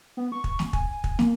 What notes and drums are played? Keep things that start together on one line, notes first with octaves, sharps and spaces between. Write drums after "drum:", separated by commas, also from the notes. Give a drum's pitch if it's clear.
B3
C#6
drum: kick
drum: snare
G#5, drum: kick
drum: kick
A#3, drum: snare